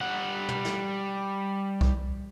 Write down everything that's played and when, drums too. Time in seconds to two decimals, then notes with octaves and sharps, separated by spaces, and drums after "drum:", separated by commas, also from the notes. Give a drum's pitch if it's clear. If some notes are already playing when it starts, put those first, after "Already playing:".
0.01 G3 F#5
0.49 drum: tom
0.65 drum: snare
1.81 drum: kick C2